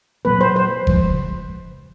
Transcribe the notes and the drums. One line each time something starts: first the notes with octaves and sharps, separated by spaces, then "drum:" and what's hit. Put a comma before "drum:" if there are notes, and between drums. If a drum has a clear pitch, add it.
A#2 F#3 A#3 B4
C5
C5
C#3 F3 G#3, drum: kick F1